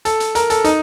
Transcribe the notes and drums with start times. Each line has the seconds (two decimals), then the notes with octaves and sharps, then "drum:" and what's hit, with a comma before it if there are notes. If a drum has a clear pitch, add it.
0.05 A4, drum: hi-hat
0.20 drum: hi-hat
0.35 A#4, drum: hi-hat
0.50 A4, drum: hi-hat
0.64 D#4, drum: hi-hat